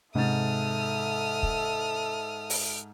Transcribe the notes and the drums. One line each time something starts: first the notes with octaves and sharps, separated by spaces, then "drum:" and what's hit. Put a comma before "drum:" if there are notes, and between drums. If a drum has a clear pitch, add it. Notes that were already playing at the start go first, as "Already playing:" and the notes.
G#2 C3 A4 E5 D#6 F6 A6
drum: kick
drum: open hi-hat